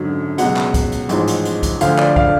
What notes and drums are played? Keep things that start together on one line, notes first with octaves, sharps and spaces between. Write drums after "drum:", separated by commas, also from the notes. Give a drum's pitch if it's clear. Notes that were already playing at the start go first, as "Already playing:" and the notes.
Already playing: G#1 F#2 D3 F#3
C#2 B2 F#3 F#5, drum: hi-hat
drum: clap
drum: kick B1, hi-hat
drum: hi-hat
A1 G#2 F3, drum: hi-hat
drum: hi-hat
drum: hi-hat
drum: kick B1, hi-hat
D2 D3 F3 F5, drum: hi-hat
D5, drum: clap
F5, drum: kick B1